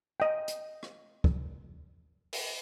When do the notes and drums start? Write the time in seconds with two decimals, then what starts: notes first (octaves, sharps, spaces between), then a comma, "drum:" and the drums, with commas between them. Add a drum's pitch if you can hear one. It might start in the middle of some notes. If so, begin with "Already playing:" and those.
0.20 D#5 G5
0.48 drum: hi-hat
0.83 drum: rim click
1.24 drum: kick
2.33 drum: open hi-hat